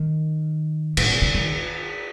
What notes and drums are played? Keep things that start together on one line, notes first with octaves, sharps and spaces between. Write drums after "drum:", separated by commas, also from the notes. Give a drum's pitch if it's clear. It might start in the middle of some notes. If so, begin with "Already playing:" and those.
Already playing: D#3
A2, drum: cymbal
C3
C#3
D#3